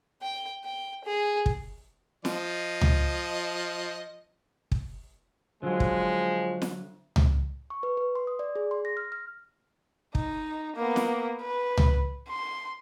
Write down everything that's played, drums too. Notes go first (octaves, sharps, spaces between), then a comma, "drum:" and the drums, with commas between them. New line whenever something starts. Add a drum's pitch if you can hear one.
G5
G5
G#4
drum: kick
F3 D#5, drum: snare
drum: tom C#2
drum: kick
D3 F3 F#3 G#3
drum: kick
drum: snare
drum: tom C#2
C#6
B4
B4
C6
D#6
D5
G#4
C6
A#6
F6
F6
D#4, drum: kick
A#3 B3
drum: snare
B4
drum: tom C#2
C6